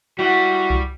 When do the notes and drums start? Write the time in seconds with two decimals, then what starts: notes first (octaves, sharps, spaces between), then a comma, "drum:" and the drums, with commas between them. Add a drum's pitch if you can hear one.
0.19 G3 E4 F#4
0.70 drum: kick C2